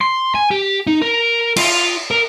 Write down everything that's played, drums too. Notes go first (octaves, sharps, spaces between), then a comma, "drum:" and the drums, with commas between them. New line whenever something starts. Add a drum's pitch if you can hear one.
C6
G#5
G4
D#4
A#4
F4, drum: cymbal
A#4